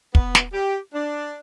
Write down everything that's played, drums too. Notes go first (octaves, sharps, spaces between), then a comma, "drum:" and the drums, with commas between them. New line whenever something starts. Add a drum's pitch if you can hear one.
B3, drum: kick
drum: snare
G4
D4